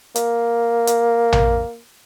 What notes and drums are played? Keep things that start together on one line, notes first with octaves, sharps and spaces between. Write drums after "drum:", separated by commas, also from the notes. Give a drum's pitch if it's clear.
A#3, drum: hi-hat
drum: hi-hat
drum: tom A#1